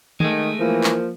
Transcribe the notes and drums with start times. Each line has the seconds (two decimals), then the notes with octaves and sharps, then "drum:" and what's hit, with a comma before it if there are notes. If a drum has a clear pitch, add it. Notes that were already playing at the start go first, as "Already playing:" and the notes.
0.20 D#3 G#3 A3, drum: tom D#3
0.60 E3 F3 A#3
0.84 drum: clap